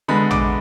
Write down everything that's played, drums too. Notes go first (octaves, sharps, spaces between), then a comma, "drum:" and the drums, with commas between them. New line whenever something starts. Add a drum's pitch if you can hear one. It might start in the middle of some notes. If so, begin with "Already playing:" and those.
D3 G#3 B3 B5
D6, drum: tom A1